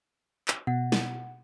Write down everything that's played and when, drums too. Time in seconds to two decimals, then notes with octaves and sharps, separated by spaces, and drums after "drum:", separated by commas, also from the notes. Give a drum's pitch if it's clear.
0.48 drum: clap
0.67 B2 F#5
0.92 drum: snare